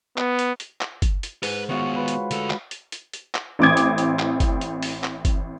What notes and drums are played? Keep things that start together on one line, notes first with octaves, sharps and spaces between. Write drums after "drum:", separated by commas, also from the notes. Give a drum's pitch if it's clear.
B3, drum: clap
drum: hi-hat
drum: hi-hat
drum: clap
drum: kick G1, hi-hat
drum: hi-hat
G#2 B4, drum: open hi-hat
D#3 B3 F4 F#4 C#5
B4
drum: hi-hat
D2 A4, drum: hi-hat
drum: clap
drum: hi-hat
drum: hi-hat
drum: hi-hat
drum: clap
A1 A2 C4 D6 D#6 G#6
drum: hi-hat
drum: hi-hat
drum: clap
drum: kick G1, hi-hat
drum: hi-hat
drum: open hi-hat
drum: clap
drum: kick G1, hi-hat